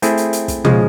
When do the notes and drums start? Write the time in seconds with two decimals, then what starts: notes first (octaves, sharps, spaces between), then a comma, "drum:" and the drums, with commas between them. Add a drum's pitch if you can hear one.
0.02 A3 C4 E4 G#4, drum: hi-hat
0.17 drum: hi-hat
0.33 drum: hi-hat
0.48 drum: kick, hi-hat
0.65 C#3 F3 G#3, drum: tom